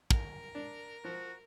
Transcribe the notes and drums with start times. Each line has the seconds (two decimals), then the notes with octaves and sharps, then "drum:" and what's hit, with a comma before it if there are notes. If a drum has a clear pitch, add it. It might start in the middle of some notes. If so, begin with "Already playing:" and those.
0.11 A#4, drum: kick
0.55 D4
1.05 F3 F#4